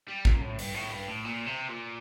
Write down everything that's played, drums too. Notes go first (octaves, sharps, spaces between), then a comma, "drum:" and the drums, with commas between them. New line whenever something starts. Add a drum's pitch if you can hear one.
G3
A#2, drum: kick
A2
G2, drum: open hi-hat
A2
G2
A2
A#2
C3
A#2